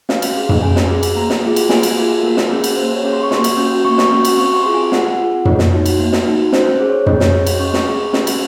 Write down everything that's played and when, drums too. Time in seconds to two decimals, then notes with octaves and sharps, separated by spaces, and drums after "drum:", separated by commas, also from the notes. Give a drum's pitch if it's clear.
0.09 C#4 F5, drum: snare
0.22 drum: cymbal
0.36 G#4
0.49 drum: tom
0.62 C#4 G#5
0.76 drum: snare
0.89 G#4
1.03 drum: cymbal
1.16 A#3 A#5
1.30 drum: snare
1.43 F4 G#4
1.56 drum: cymbal
1.69 A#3 G#5, drum: snare
1.83 drum: cymbal
1.97 F4 G#4
2.23 A#3 A#4
2.37 drum: snare
2.50 C#4 G#4
2.64 drum: cymbal
2.77 A#3 C5
2.95 C#5
3.04 C#4 G#4
3.13 C6
3.23 C#6
3.31 A#3 C6, drum: snare
3.44 drum: cymbal
3.57 C#4 F#4
3.85 A#3 C#6
3.98 drum: snare
4.12 C#4 F#4
4.25 drum: cymbal
4.37 C4 C#6
4.56 C6
4.65 F4 G#4
4.74 G#5
4.92 C4 F#5, drum: snare
5.10 F#5
5.18 F4 G#4
5.45 A#3 C#5, drum: tom
5.59 drum: snare
5.72 D#4 F#4
5.86 drum: cymbal
5.99 A#3
6.12 drum: snare
6.26 D#4 F#4
6.52 C#4 C5, drum: snare
6.70 C5
6.80 G#4
6.89 C#5
7.06 C#4 D#5, drum: tom
7.20 C#5, drum: snare
7.33 G#4 D#5
7.47 drum: cymbal
7.59 C#4 C#6
7.73 drum: snare
7.87 G#4
8.13 C#4, drum: snare
8.27 drum: cymbal